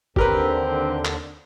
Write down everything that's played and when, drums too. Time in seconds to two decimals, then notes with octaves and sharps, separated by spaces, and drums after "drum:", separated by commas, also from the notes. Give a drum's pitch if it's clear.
0.16 D#2 D3 C4 G4 A#4 B4, drum: kick F#1
1.05 drum: clap